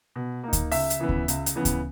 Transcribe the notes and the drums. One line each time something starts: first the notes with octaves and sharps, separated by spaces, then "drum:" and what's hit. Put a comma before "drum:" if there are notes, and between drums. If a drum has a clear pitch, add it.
B2
A#3 D#4
drum: kick D2, hi-hat
C#2 E5, drum: open hi-hat
drum: hi-hat
C#3 E3 B3
drum: kick D2
C#2, drum: hi-hat
drum: hi-hat
C#3 E3 B3
drum: kick D2, hi-hat